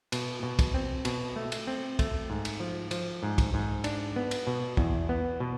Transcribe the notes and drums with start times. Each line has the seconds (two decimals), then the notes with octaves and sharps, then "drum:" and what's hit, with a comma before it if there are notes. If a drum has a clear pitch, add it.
0.12 B2, drum: cymbal
0.43 B2
0.59 drum: kick, cymbal
0.74 C4
1.05 B2, drum: cymbal
1.36 A3
1.52 drum: cymbal
1.67 C4
1.99 A3, drum: kick, cymbal
2.30 G#2
2.45 drum: cymbal
2.60 F3
2.91 F3, drum: cymbal
3.23 G#2
3.38 drum: kick, cymbal
3.54 G#2
3.84 D4, drum: cymbal
4.16 B3
4.31 drum: cymbal
4.47 B2
4.77 E2, drum: kick
5.09 B3
5.40 B2